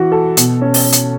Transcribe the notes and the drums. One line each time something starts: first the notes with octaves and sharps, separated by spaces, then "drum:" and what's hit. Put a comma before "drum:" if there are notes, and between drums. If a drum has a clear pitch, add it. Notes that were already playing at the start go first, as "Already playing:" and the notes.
Already playing: E3 F#4
A4
B2, drum: hi-hat
C#4
drum: open hi-hat
drum: hi-hat